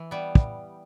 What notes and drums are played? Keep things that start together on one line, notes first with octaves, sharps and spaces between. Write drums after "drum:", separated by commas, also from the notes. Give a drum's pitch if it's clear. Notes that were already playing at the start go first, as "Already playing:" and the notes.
Already playing: E3
G3 B3
drum: kick